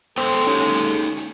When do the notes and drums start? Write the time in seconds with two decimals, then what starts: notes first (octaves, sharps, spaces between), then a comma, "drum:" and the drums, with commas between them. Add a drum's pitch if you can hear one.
0.18 F#2 G#3 B3 A4 C5 G5 E6
0.32 drum: hi-hat
0.47 C#4 D#4 G4
0.60 drum: hi-hat
0.74 drum: hi-hat
1.03 drum: hi-hat
1.17 drum: hi-hat